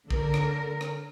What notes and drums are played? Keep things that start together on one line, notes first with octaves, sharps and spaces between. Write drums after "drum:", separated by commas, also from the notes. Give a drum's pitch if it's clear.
D3 A#4, drum: kick
drum: rim click
drum: rim click